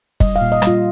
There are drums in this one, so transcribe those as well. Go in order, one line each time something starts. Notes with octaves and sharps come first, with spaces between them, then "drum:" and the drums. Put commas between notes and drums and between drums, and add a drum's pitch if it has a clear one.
G3 D#5, drum: kick
F5
A#2
D#5
G3, drum: rim click
F4